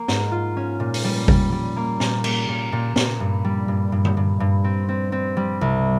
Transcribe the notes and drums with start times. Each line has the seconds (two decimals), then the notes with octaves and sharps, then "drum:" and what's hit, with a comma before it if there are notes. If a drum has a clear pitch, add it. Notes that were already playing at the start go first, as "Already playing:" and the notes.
Already playing: A#3
0.08 G#2, drum: snare
0.31 F4
0.57 C#4
0.80 A#2
0.94 drum: open hi-hat
1.04 G3
1.28 G3, drum: kick G#1
1.52 G3
1.76 A#3
2.00 A#2, drum: snare
2.24 A#3, drum: cymbal
2.48 A#2
2.72 A#2
2.96 A#2, drum: snare
3.20 G2
3.45 G3
3.68 G2
3.92 G2
4.05 drum: tom D3
4.17 G2
4.40 G2
4.64 C4
4.88 C4
5.12 C4
5.37 G3
5.61 C2